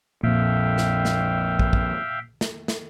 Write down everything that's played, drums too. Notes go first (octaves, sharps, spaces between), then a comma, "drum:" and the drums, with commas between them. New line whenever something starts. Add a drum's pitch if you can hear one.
A#1 F2 A#2 E5 F5 G5
drum: snare
drum: snare
drum: kick
drum: kick
drum: snare
drum: snare